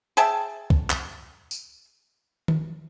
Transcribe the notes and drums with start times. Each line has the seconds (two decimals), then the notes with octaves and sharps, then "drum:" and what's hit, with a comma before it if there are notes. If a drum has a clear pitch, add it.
0.17 G#4 E5 G5 A5
0.70 drum: kick
0.90 drum: clap
1.51 drum: tambourine
2.48 drum: tom D#3